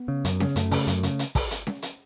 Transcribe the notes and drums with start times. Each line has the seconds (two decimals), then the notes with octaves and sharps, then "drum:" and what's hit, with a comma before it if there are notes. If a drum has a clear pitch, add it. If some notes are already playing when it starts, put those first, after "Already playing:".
Already playing: B3
0.08 C#3
0.25 F#2, drum: hi-hat
0.40 C#3, drum: snare C#4
0.56 F#2 A3, drum: hi-hat
0.71 C#3, drum: open hi-hat
0.87 F#2, drum: hi-hat
1.03 C#3, drum: hi-hat
1.19 drum: hi-hat
1.35 drum: kick, open hi-hat
1.51 drum: hi-hat
1.67 drum: snare C#4
1.82 drum: hi-hat